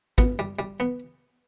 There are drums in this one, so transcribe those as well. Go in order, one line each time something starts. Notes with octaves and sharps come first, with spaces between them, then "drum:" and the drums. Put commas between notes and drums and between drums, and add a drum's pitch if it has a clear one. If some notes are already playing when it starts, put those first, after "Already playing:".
B3, drum: kick G#1
G3
G3
B3